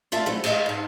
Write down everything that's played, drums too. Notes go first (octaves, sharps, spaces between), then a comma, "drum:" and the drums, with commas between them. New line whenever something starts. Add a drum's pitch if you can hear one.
A3 A#3 F4 D5 E5 A5
E3 F#3 A3 B3 C#4 C5
G4 G#4 B4 D#5 F5, drum: cymbal
G#2 A5